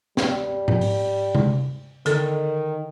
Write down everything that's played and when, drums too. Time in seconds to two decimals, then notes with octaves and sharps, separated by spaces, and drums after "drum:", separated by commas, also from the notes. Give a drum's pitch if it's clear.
0.17 G3, drum: snare
0.68 drum: tom G#2
0.81 drum: open hi-hat
1.35 drum: tom C3
2.06 D3 D#3 A4, drum: hi-hat